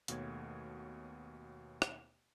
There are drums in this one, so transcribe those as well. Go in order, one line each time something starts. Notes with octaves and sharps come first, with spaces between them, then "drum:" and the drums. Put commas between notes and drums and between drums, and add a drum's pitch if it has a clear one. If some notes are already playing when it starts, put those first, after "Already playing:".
D#2 B2 A3 C#5 G#6, drum: hi-hat
drum: rim click